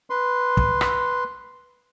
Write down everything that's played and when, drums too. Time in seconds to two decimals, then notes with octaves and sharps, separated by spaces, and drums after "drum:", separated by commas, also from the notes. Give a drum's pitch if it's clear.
0.10 B4 C6
0.57 drum: kick
0.81 drum: rim click